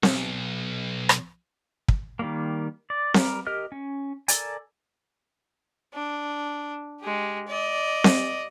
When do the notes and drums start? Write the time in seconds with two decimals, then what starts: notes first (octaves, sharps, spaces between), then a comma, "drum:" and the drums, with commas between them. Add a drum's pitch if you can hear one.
0.03 B1, drum: snare C4
1.09 drum: rim click
1.88 drum: kick
2.19 D#3 G3 A#3
2.90 D5
3.14 G3 A#4, drum: snare C4
3.47 G4 A#4 D#5 F6
3.72 C#4
4.28 A4 A#4 D5 G#5, drum: hi-hat
5.94 D4
7.00 G#3 G4
7.48 D5 D#5
8.04 drum: snare C4